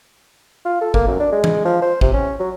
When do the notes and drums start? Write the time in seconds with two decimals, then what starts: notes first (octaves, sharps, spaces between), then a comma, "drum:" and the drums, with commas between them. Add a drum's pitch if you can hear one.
0.65 F4
0.81 A4
0.94 A#3, drum: kick
1.07 F#2
1.20 D4
1.32 G#3
1.44 drum: tom E3
1.65 F3
1.82 C5
2.01 C3, drum: kick
2.13 C#4
2.39 F#3